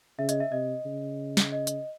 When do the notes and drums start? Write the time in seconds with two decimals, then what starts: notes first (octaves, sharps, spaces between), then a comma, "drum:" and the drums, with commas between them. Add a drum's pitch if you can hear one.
0.19 C#3 E5
0.29 D#5, drum: hi-hat
0.40 E5
0.52 C3 D#5
0.85 C#3
1.37 drum: snare
1.52 D#5
1.67 drum: hi-hat